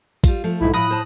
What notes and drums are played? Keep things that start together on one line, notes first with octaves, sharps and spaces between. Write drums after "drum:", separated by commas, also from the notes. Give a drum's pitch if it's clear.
G3 F4, drum: kick, tambourine
F3 A3
B1 G#2 E4
A2 F3 E4 B5 D#6 F#6 A#6
C5 A5